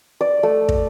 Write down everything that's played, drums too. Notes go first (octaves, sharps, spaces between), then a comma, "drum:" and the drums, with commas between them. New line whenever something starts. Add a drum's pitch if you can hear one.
D5
A3
drum: kick